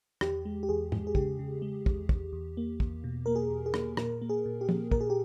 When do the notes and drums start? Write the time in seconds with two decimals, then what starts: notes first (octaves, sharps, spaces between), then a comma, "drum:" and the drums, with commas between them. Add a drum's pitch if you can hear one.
0.21 E2 G4, drum: rim click
0.45 G#3
0.63 G4
0.69 E2 G#4
0.92 G#3, drum: tom
1.07 G#4
1.15 C#3 G4, drum: kick
1.39 C#3
1.62 G#3
1.86 E2, drum: kick
2.09 E2, drum: kick
2.33 E2
2.57 A#3
2.80 E2, drum: kick
3.04 B2
3.26 A#3 A#4
3.36 G#4
3.50 E2
3.66 G#4
3.74 A#3, drum: rim click
3.97 A#2 A#4, drum: rim click
4.22 A#3
4.29 G#4
4.46 A#2
4.61 G4
4.69 A#3, drum: tom F3
4.91 A#2 A#4, drum: kick
5.01 G#4
5.10 G4